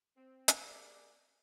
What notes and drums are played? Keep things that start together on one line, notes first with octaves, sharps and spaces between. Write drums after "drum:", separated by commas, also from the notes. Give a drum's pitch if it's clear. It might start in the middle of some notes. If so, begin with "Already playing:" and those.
C4
drum: hi-hat
A#3 G4 G#4 D5